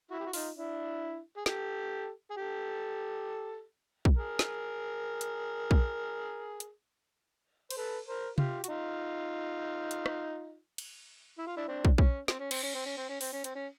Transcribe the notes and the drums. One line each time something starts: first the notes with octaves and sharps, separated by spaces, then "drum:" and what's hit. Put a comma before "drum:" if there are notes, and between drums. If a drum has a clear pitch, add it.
E4 F#4
G4
F#4
D#4 F4, drum: open hi-hat
D4 E4
G#4
G4 A4, drum: snare
G#4
G4 A4
drum: kick
G#4 A#4
drum: snare
drum: hi-hat
drum: kick
drum: hi-hat
C5, drum: cymbal
A4 B4
A#4 C5
F4 G4, drum: tom C3
F#4, drum: hi-hat
D#4 F4
drum: hi-hat
drum: rim click
drum: cymbal
E4
F4
D4 E4
C4 D4
drum: kick
C#4, drum: kick
C4, drum: snare
C#4
C4, drum: cymbal
C#4
C4
C#4
C4
C#4
C4, drum: open hi-hat
C#4
C4, drum: hi-hat
C#4